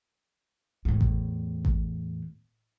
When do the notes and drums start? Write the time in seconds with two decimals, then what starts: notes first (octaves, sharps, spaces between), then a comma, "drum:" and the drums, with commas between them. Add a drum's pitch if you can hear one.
0.85 E2 A2
1.01 drum: kick A1
1.65 drum: kick A1